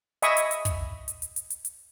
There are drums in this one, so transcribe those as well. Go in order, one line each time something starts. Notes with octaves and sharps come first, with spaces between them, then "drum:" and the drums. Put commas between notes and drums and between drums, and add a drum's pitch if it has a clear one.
D#5 E5 G#5 B5 C#6 D#6, drum: hi-hat
drum: hi-hat
drum: hi-hat
drum: kick, hi-hat
drum: hi-hat
drum: hi-hat
drum: hi-hat
drum: hi-hat
drum: hi-hat